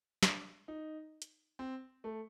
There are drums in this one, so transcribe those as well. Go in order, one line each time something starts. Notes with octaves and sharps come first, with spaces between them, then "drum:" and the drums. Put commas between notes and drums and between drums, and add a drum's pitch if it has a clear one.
D4, drum: snare
D#4
drum: hi-hat
C4
A3